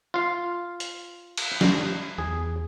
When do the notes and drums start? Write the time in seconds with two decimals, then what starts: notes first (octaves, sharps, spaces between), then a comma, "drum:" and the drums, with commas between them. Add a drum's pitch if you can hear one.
0.14 F4 F5
0.80 drum: hi-hat
1.37 drum: cymbal
1.61 drum: snare
2.18 E2 G#4